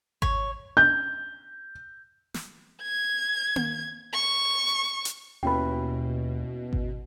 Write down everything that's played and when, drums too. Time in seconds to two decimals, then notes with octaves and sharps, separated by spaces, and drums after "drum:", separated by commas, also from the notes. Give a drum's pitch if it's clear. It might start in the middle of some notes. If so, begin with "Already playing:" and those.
0.22 C#5, drum: kick G#1
0.77 G6
2.34 drum: snare
2.83 G#6
3.56 drum: tom A#3
4.14 C#6
5.05 drum: hi-hat
5.43 D#2 B2 C#4 E4 B4 G5 B5
6.73 drum: kick G#1